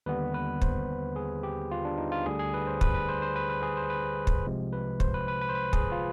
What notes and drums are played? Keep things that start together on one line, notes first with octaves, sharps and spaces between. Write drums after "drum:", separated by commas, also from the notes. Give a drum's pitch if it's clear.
D#2 D3 G3 B3 B4
B4
C5, drum: kick
G#4
G4
F4
D4
D#4
F4
D2 D3 G3 G#4
G#4
B4
C5
B4, drum: kick
B4
C5
C5
B4
B4
G#4
C5
B4
drum: kick
C2 C3 F3 G#3
B4
C5, drum: kick
B4
B4
B4
C5
B4
G#4, drum: kick
F4